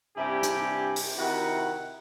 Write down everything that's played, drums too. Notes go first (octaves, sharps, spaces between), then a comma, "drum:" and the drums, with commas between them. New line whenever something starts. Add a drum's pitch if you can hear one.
G2 C3 D4 E4 G4 G#5
drum: hi-hat
drum: open hi-hat
C3 D#3 E4 F#4 F#5